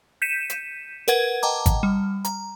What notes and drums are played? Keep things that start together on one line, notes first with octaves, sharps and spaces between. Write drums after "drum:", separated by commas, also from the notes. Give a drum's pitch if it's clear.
G6 B6 C#7 D#7 E7
drum: hi-hat
A#4 B4 F#5 G#6, drum: hi-hat
D#5 F#5 G5 A5 A#5 D6
drum: kick G#1, hi-hat
G3
A#5, drum: hi-hat